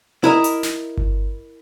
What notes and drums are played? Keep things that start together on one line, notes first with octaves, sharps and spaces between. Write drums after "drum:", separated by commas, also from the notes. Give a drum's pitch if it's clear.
E4 A#4 D#5
drum: hi-hat
drum: snare
drum: kick G1